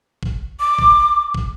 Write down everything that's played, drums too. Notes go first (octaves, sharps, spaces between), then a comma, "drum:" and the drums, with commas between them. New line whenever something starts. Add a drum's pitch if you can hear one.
drum: kick
D6
drum: kick
drum: kick